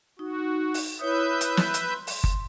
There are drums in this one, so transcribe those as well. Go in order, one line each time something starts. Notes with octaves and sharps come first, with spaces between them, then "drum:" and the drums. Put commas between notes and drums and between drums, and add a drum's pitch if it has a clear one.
D#4 F#4
drum: open hi-hat
E4 B4 C#5 E5 D#6 G6
drum: hi-hat
drum: snare
drum: hi-hat
C6
drum: open hi-hat
drum: kick G1